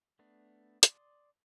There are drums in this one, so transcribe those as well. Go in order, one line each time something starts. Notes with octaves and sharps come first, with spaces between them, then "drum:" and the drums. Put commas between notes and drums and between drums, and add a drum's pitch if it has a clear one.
A3 B3 D4
D5 C6 D6 D#6, drum: hi-hat